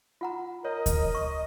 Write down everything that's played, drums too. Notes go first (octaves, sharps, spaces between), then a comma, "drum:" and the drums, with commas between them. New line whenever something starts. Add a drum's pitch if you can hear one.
F4 F#5 A#5
A#4 C#5 D#5
drum: kick D2, hi-hat
C#6